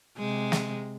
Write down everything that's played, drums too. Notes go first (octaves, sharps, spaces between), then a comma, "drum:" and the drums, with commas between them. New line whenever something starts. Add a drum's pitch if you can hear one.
C3 G#3
drum: snare